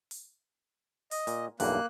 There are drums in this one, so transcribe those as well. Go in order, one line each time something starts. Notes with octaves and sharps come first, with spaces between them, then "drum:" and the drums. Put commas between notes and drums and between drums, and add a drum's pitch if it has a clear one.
drum: open hi-hat
D#5, drum: open hi-hat
A#2, drum: open hi-hat
B1 E2 G2 A#3 F#6, drum: open hi-hat